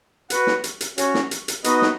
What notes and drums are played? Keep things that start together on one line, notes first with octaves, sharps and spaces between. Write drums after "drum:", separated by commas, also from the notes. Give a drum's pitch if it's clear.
F#4 B4 F#5, drum: hi-hat
drum: snare
drum: hi-hat
drum: hi-hat
C#4 F#4 C#5, drum: hi-hat
drum: snare
drum: hi-hat
drum: hi-hat
B3 D#4 F#4 B4 D#5, drum: hi-hat
drum: snare